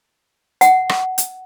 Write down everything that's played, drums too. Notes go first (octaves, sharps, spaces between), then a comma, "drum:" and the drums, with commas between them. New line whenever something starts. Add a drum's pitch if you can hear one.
F#5, drum: hi-hat
drum: rim click
drum: hi-hat